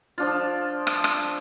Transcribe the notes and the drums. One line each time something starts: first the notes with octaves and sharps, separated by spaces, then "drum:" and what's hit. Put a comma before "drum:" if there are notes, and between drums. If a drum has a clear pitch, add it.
F3 D4 F4
drum: rim click
drum: rim click